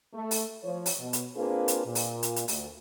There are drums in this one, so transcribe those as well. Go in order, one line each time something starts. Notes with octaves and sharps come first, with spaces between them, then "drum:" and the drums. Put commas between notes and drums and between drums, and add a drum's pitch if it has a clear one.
A3
drum: open hi-hat
F3 C#5
drum: open hi-hat
B2
drum: hi-hat
A#3 C4 D4 F4 G#4 B4
drum: hi-hat
A#2
drum: open hi-hat
drum: hi-hat
drum: hi-hat
D2, drum: open hi-hat